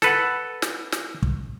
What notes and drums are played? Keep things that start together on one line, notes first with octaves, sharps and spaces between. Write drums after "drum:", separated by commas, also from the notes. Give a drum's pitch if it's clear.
A4 B4 F#5, drum: snare
drum: snare
drum: snare
drum: kick